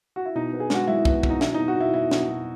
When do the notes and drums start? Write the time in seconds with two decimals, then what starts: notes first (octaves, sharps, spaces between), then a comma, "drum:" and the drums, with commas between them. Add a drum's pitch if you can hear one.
0.16 F#4
0.26 E4
0.35 B2 D#4
0.53 B3
0.60 G#4
0.70 G#3 F#4, drum: snare
0.88 G#3 E4
1.05 B3, drum: kick
1.23 B2, drum: kick
1.30 D#4
1.41 B2 E4, drum: snare
1.54 D#4
1.59 B2
1.68 F#4
1.76 B2 E4
1.94 B2 E4
2.11 B2, drum: snare
2.29 B2